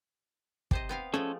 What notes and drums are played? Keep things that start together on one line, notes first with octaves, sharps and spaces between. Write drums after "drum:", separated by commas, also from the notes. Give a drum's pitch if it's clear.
C3 C5 D#5, drum: kick
B3 C4 F5
F3 G#3 A3 C#4 A4